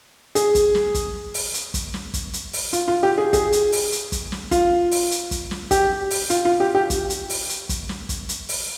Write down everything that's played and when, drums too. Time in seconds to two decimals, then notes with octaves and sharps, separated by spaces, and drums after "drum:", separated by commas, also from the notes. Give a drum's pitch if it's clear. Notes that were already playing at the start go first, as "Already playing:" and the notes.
0.35 G#4, drum: hi-hat
0.55 drum: kick, hi-hat
0.75 drum: snare
0.94 drum: kick, hi-hat
1.34 drum: open hi-hat
1.54 drum: hi-hat
1.74 drum: kick, hi-hat
1.94 drum: snare
2.14 drum: kick, hi-hat
2.33 drum: hi-hat
2.53 drum: open hi-hat
2.73 F4, drum: hi-hat
2.88 F4
3.03 G4
3.18 G#4
3.33 G#4, drum: kick, hi-hat
3.52 drum: hi-hat
3.72 drum: open hi-hat
3.92 drum: hi-hat
4.12 drum: kick, hi-hat
4.32 drum: snare
4.51 F4, drum: kick, hi-hat
4.91 drum: open hi-hat
5.11 drum: hi-hat
5.31 drum: kick, hi-hat
5.51 drum: snare
5.71 G4, drum: kick, hi-hat
6.11 drum: open hi-hat
6.30 F4, drum: hi-hat
6.45 F4
6.60 G4
6.75 G4
6.90 drum: kick, hi-hat
7.10 drum: hi-hat
7.30 drum: open hi-hat
7.49 drum: hi-hat
7.69 drum: kick, hi-hat
7.89 drum: snare
8.09 drum: kick, hi-hat
8.29 drum: hi-hat
8.49 drum: open hi-hat